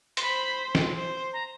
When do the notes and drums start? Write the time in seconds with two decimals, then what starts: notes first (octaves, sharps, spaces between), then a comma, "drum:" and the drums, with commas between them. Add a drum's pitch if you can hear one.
0.17 C6, drum: hi-hat
0.22 C5 B5
0.75 drum: snare
0.95 C5
1.33 A#5